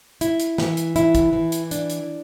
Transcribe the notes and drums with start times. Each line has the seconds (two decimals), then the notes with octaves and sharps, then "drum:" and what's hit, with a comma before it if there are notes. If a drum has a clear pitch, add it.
0.21 E4, drum: hi-hat
0.40 drum: hi-hat
0.58 E3, drum: snare
0.77 drum: hi-hat
0.96 E4, drum: hi-hat
1.15 drum: kick, hi-hat
1.33 E3
1.52 drum: hi-hat
1.71 D4, drum: hi-hat
1.90 drum: hi-hat